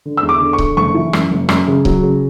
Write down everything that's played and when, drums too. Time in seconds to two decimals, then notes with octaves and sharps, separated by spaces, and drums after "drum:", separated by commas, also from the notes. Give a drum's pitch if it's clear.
0.05 D3
0.17 E6
0.23 E2
0.29 D6
0.41 D3
0.53 C#6
0.58 D3, drum: kick C#1
0.77 F#1 C#6
0.94 E3
1.13 F#2, drum: rim click
1.31 F#1
1.49 F#2, drum: rim click
1.68 C#3
1.85 F#3, drum: kick C#1
2.03 C#3